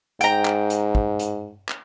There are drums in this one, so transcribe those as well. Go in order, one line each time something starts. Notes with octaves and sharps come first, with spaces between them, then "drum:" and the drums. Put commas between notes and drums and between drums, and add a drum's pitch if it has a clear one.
G#2 G5 A#5, drum: hi-hat
drum: clap
drum: hi-hat
drum: kick
drum: hi-hat
drum: clap